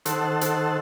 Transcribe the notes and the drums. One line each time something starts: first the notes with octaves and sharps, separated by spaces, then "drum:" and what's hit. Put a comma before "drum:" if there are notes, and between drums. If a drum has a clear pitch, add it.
D#3 A4 C5 F#5 E6, drum: hi-hat
drum: hi-hat